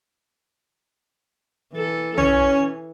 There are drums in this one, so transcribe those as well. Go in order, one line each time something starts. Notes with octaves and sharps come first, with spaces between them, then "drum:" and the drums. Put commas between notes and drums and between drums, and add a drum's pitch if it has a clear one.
E3 A4
E3 C#4, drum: tom